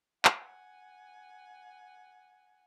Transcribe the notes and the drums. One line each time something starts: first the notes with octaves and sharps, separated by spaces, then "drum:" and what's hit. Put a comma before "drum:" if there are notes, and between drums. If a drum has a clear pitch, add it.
F#5 G#5, drum: clap